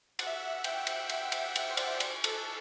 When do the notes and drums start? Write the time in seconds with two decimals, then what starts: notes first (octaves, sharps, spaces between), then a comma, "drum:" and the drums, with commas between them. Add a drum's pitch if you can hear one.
0.19 F#5, drum: cymbal
0.27 E5
0.35 F#5
0.64 G5, drum: cymbal
0.87 drum: cymbal
1.09 G5, drum: cymbal
1.32 E5, drum: cymbal
1.46 F#5
1.56 E5, drum: cymbal
1.70 C5
1.77 D5, drum: cymbal
2.00 C5, drum: cymbal
2.24 A4, drum: cymbal